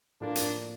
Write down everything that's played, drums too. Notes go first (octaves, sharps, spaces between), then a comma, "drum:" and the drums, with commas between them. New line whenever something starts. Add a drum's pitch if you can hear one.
A2 F3 A#3 D4
drum: hi-hat